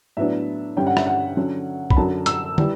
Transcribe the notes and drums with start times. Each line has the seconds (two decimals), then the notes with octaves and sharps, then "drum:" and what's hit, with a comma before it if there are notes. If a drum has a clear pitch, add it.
0.17 A2 F#3 B3 D4 E5
0.77 G2 D3 G3 C#4 G5
0.87 F#5
0.97 E5, drum: rim click
1.07 F#5
1.37 D3 F#3 C#4
1.90 B5, drum: kick A#1
1.97 F#2 D3 F#3 A5
2.26 E6, drum: hi-hat
2.58 E3 G3, drum: tom